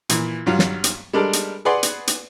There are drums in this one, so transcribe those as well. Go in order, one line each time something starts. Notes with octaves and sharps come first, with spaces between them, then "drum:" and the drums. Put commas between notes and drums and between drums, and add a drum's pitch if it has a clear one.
A#2 E3, drum: hi-hat
G2 F#3 F4
drum: snare
drum: hi-hat
G3 G#3 D4 A4 A#4
drum: hi-hat
G#4 B4 D5 F#5 C6
drum: hi-hat
drum: hi-hat